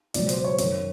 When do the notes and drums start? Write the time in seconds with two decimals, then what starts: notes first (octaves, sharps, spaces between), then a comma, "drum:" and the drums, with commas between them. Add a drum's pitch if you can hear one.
0.14 C#2 B2 F#3 D5, drum: hi-hat
0.29 C5, drum: hi-hat
0.44 C#5
0.58 F#2 D#3 F#3 C#5, drum: hi-hat